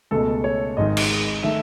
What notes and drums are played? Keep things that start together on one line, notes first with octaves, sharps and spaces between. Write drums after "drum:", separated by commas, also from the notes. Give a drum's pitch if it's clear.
C#2 B2 A3 A4
C#5
G#1 G#2 D#3 D#5
drum: cymbal
D#3 A3 E5